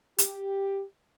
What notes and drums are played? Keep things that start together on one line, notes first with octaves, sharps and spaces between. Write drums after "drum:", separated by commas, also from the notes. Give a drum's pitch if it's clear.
G4, drum: hi-hat